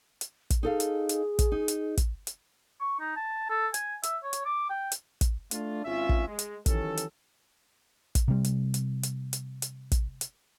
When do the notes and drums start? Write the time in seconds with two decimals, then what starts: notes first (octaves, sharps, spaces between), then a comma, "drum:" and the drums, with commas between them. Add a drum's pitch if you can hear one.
0.21 drum: hi-hat
0.50 drum: kick, hi-hat
0.63 D#4 G#4 A4 F5
0.80 drum: hi-hat
1.09 drum: hi-hat
1.39 drum: kick, hi-hat
1.52 D#4
1.68 drum: hi-hat
1.97 drum: kick, hi-hat
2.27 drum: hi-hat
2.80 C#6
3.00 D#4
3.16 A5
3.50 A4
3.74 G#5, drum: hi-hat
4.03 E5, drum: hi-hat
4.23 C#5
4.33 drum: hi-hat
4.45 D6
4.70 G5
4.92 drum: hi-hat
5.21 drum: kick, hi-hat
5.51 A3 D4 F4, drum: hi-hat
5.85 G#1 C#4 F4 E5
6.09 drum: kick
6.27 G#3
6.39 drum: hi-hat
6.66 D#3 E3 F#3 C#4 G4 A4, drum: kick, hi-hat
6.97 drum: hi-hat
8.15 drum: kick, hi-hat
8.28 C3 G3
8.44 drum: hi-hat
8.74 drum: hi-hat
9.03 drum: hi-hat
9.33 drum: hi-hat
9.62 drum: hi-hat
9.92 drum: kick, hi-hat
10.21 drum: hi-hat